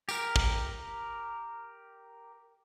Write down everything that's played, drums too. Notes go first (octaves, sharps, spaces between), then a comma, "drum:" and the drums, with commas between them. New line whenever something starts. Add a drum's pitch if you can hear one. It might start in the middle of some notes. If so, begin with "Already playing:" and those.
G4 A#4, drum: tambourine
drum: kick